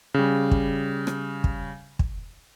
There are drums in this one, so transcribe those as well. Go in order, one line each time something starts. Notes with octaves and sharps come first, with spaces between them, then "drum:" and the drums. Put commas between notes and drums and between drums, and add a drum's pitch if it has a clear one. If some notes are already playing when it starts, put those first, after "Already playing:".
C#3 G3
drum: kick
drum: rim click
drum: kick
drum: kick